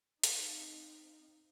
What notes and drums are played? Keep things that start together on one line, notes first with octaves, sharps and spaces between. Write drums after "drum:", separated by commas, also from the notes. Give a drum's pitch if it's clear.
C4 D#4 F5, drum: hi-hat